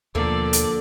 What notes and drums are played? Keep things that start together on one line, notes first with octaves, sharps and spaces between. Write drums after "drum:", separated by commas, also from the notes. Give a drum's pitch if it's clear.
D#2 B2 D3 F3 A#3 B3 A4 D5
drum: hi-hat